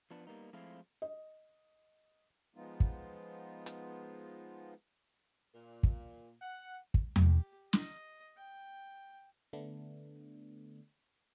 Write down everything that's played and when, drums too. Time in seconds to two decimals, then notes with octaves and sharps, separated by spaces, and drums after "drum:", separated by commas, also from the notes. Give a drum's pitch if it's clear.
0.11 F3 B3 D4
0.27 G3 A#3 B3 D#4
0.53 F3 G#3 A3 C4 E4 F4
1.02 D#5
2.55 F3 G#3 B3 D#4 F4
2.80 drum: kick
3.66 drum: hi-hat
5.53 A#2
5.83 drum: kick
6.41 F#5
6.94 drum: kick
7.16 G4, drum: tom E2
7.73 D#5, drum: snare
8.38 G5
9.53 D3 A3 B3 D4